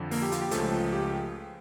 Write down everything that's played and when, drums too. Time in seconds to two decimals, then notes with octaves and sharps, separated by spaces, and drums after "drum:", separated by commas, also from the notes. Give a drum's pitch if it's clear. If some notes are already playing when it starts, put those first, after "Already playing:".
Already playing: F2 D3 F3
0.11 A#3 A#4, drum: open hi-hat
0.22 G4
0.32 F4, drum: hi-hat
0.42 G4
0.51 C#2 C#3 F3 A3 A4, drum: hi-hat
0.92 G4